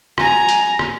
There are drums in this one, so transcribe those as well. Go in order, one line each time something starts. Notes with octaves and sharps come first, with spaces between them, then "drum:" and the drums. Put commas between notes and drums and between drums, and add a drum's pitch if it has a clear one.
G#5 A#5, drum: rim click
drum: hi-hat
drum: rim click